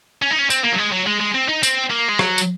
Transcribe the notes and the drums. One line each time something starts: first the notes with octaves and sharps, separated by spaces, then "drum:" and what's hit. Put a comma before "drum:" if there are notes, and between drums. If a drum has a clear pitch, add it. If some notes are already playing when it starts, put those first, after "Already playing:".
C#4
D#4
C#4
C4, drum: tambourine
A#3
F#3
G#3
F#3
G#3
G#3
C4
D#4
C4, drum: tambourine
A#3
G#3
F#3, drum: rim click
drum: tambourine